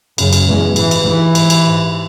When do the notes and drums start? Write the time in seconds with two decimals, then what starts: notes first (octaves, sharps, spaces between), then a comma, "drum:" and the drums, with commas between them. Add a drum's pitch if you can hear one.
0.18 F#2 C#3, drum: cymbal
0.33 drum: cymbal
0.47 E2 B2 G#3
0.76 G#2 E3, drum: cymbal
0.91 drum: cymbal
1.06 G#2 E3
1.35 G#2, drum: cymbal
1.50 drum: cymbal
1.65 G#2